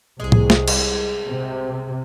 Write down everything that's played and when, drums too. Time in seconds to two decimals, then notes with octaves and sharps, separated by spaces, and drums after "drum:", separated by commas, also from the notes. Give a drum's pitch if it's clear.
0.20 C2 G#3 G#4
0.32 drum: tom A2
0.50 drum: snare
0.68 drum: cymbal
1.27 C3